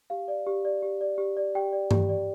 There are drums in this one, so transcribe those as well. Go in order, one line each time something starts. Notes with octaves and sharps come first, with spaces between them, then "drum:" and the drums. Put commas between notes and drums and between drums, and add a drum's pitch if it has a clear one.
G4 F5
D5
G4
D5
G4
D5
G4
D5
G4 G5
D5
G4, drum: tom G2
D5